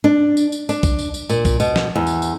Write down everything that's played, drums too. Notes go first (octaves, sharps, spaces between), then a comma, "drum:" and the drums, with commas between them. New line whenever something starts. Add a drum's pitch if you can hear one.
D4
drum: tambourine
drum: tambourine
D4, drum: tambourine
drum: kick, tambourine
drum: tambourine
drum: tambourine
A#2, drum: tambourine
drum: kick, tambourine
B2, drum: tambourine
drum: snare
E2
drum: tambourine
drum: tambourine